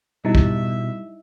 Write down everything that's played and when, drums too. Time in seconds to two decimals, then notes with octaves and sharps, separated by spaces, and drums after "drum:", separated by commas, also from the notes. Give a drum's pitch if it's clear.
0.25 B2 G3 D#4 E4 D#5 E5
0.35 drum: kick